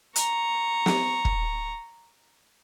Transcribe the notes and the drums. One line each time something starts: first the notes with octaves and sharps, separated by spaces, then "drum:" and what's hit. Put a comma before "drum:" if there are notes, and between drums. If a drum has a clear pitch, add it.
A#5 C#6, drum: hi-hat
drum: snare
drum: kick